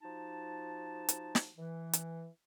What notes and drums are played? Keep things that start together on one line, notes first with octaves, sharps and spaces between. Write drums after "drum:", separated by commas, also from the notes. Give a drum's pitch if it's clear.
F3 D#4 F#4 A5
drum: hi-hat
drum: snare
E3
drum: hi-hat